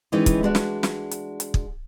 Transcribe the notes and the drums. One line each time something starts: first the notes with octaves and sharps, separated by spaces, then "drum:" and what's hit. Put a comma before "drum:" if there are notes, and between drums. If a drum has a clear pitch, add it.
D#3 E3 G#3 C#4 D#4 E4
drum: kick, hi-hat
G#3 D4 F#4
drum: snare
drum: snare
drum: hi-hat
drum: hi-hat
drum: kick